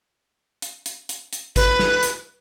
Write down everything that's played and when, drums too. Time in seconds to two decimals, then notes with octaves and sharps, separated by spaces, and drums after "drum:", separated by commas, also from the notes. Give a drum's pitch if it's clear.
0.62 drum: hi-hat
0.86 drum: hi-hat
1.09 drum: hi-hat
1.33 drum: hi-hat
1.56 B4, drum: kick, hi-hat
1.79 drum: snare
2.03 drum: hi-hat